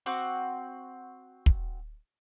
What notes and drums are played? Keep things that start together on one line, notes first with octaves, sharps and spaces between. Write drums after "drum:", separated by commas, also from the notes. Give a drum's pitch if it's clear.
C4 F#4 F#5 D6
drum: kick